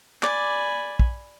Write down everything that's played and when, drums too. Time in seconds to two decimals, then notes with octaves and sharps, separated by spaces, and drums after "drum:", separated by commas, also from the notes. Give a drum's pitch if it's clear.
0.23 D5 G#5 B5, drum: clap
0.99 drum: kick